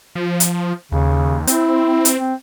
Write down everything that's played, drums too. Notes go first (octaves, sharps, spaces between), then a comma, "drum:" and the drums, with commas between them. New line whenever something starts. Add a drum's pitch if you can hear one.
F3
drum: hi-hat
D#2 C#3
C4 E4, drum: hi-hat
drum: hi-hat
C4